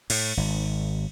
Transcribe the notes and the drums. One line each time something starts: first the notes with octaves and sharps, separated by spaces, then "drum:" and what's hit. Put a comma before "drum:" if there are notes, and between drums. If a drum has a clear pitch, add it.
A2, drum: cymbal
G#1